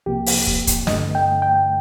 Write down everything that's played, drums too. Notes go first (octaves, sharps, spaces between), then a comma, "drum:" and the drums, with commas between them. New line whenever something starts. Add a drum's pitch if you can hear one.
C2 C3 F3 A#3 G4
drum: open hi-hat
drum: kick
drum: kick, hi-hat
G2 D3 A3 D#5, drum: snare
G5
G5